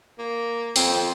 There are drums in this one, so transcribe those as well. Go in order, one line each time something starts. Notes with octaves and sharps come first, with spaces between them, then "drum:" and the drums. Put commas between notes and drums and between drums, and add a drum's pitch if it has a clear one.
A#3
F2 C4, drum: open hi-hat